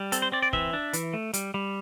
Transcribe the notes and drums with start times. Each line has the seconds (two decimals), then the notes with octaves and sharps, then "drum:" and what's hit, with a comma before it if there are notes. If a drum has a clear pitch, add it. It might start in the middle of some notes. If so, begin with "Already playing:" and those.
Already playing: G3
0.12 C4 A4, drum: hi-hat
0.22 C5
0.32 C4 D5
0.42 D5
0.53 E3 E5, drum: kick
0.73 D4
0.93 E3, drum: hi-hat
1.14 A3
1.34 G3, drum: hi-hat
1.54 G3